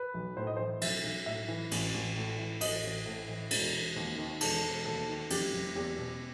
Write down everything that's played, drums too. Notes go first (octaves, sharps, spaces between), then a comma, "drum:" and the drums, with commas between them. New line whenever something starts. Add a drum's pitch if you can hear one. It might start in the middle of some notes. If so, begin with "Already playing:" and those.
Already playing: B4
B1
A2 C5
D#5
E3 C5
B1 E5, drum: cymbal
B1
A2 E5
E3
A1, drum: cymbal
A1
A2
E3
A1 D#5, drum: cymbal
A1
A2
E3
E1, drum: cymbal
E1
D#2
D#3
E1 A4, drum: cymbal
E1
D#2 A4
D#3
F#1 G4, drum: cymbal
F#1
E2 G4
B2